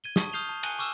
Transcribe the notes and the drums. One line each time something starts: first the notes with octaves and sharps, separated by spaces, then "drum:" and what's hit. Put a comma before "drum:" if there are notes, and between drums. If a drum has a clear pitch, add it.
G#6 D#7 G7
A5 C#6 D#6, drum: snare
D#6 F6 G6 C7 F7 G7
A5
G#5 F#6 D#7 G7, drum: cymbal
C#6 D6 E6 F6 E7